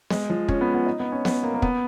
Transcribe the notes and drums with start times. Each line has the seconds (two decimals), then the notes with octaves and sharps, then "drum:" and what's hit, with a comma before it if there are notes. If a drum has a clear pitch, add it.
0.10 G#3, drum: snare B3
0.30 F3
0.48 C#4, drum: kick
0.61 B3
0.74 B3
0.86 D#4
1.00 B3
1.12 C#4
1.25 B3, drum: snare B3
1.43 A#3
1.54 A#3
1.62 B3, drum: kick